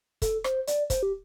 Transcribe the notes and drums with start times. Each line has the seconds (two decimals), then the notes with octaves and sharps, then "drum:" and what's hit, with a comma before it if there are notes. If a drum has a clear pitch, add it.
0.22 A4, drum: kick, hi-hat
0.44 C5, drum: rim click
0.67 D5, drum: hi-hat
0.90 C5, drum: kick, hi-hat
1.03 G4